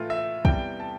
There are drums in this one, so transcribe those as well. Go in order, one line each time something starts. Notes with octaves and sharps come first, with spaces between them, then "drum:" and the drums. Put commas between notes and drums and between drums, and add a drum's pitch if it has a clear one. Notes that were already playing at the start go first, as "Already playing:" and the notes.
Already playing: A2 E3 A3 F4
E5
E2 C3 E3 G3 G5, drum: kick
A5